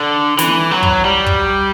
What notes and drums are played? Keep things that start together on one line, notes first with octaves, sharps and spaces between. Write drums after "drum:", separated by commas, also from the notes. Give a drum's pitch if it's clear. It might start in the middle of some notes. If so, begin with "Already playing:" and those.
Already playing: D3
E3, drum: snare
F#3
drum: kick
G3
drum: kick